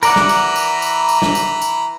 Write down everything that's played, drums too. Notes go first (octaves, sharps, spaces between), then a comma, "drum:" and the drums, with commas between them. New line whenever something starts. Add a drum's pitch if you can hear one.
E3 A#4 D5 F#5 A#5 B5, drum: tambourine
drum: snare
drum: tambourine
drum: tambourine
drum: tambourine
drum: tambourine
drum: snare
drum: tambourine
drum: tambourine